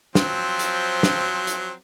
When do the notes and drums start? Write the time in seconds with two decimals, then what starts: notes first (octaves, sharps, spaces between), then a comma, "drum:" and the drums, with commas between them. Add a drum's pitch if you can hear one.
0.15 F3 F#3 C4, drum: snare
0.59 drum: hi-hat
1.03 drum: snare
1.47 drum: hi-hat